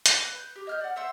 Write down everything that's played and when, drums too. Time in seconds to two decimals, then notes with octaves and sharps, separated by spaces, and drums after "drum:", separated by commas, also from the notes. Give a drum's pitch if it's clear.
0.06 drum: hi-hat
0.25 B4
0.38 G6
0.56 G4
0.67 D#5 F6 G6
0.81 D5 F#5
0.96 C5 E5 F#5 C6